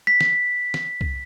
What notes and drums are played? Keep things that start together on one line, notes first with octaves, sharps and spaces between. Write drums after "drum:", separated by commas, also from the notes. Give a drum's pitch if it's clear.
B6
drum: snare
drum: snare
drum: kick C2